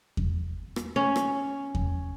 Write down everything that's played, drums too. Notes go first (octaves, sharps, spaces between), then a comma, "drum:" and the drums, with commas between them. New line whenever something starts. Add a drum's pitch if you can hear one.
drum: kick E2
drum: rim click
C#4
drum: rim click
drum: kick E2